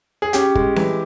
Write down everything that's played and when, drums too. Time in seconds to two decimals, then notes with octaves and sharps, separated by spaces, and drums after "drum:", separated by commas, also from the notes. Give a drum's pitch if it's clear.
0.22 G#4
0.33 C#4 G4, drum: hi-hat
0.55 G#3, drum: kick
0.76 E3, drum: snare C4